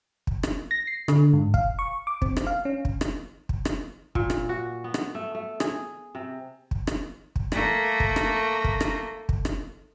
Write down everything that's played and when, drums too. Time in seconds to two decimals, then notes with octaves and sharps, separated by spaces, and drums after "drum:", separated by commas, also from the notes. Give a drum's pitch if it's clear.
0.27 drum: kick
0.43 drum: rim click
0.71 A#6
0.87 C7
1.08 D3, drum: rim click
1.33 G#2
1.54 F5, drum: kick
1.79 C#6
2.07 D6
2.22 C4, drum: kick
2.36 drum: rim click
2.47 F5
2.65 C#4
2.85 drum: kick
3.01 drum: rim click
3.49 drum: kick
3.65 drum: rim click
4.15 A#2, drum: kick
4.30 drum: rim click
4.49 F#4
4.84 B3
4.94 drum: rim click
5.15 A3
5.35 A3
5.60 G#4, drum: rim click
6.15 C3
6.71 drum: kick
6.87 drum: rim click
7.36 drum: kick
7.52 A3 A#3, drum: rim click
8.00 drum: kick
8.16 drum: rim click
8.64 drum: kick
8.80 drum: rim click
9.29 drum: kick
9.45 drum: rim click